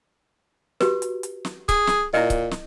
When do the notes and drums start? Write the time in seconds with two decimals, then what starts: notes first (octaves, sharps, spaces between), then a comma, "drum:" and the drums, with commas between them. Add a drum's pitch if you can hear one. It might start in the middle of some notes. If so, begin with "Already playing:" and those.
0.80 F#4 G4 B4, drum: snare
1.02 drum: hi-hat
1.23 drum: hi-hat
1.45 drum: snare
1.69 G#4, drum: kick C#1, hi-hat
1.87 drum: snare
2.14 A#2 E4 D#5
2.30 drum: kick C#1, hi-hat
2.51 drum: snare